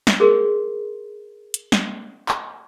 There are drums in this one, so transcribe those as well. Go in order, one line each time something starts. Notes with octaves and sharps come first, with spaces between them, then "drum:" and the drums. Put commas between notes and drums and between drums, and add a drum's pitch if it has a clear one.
drum: snare
G#4 A#4 C6
drum: hi-hat
drum: snare
drum: clap